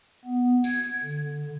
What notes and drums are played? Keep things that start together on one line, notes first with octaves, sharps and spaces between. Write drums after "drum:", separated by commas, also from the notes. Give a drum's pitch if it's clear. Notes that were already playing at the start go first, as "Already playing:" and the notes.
B3
G#6, drum: tambourine
D3